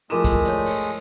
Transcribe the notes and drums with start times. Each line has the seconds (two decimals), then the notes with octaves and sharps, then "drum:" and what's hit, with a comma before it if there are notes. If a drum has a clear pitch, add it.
0.10 F3 G#3 A3 E4 A#4 D6 D#6 E7
0.24 drum: kick, hi-hat
0.45 C#5 D5, drum: hi-hat
0.66 drum: open hi-hat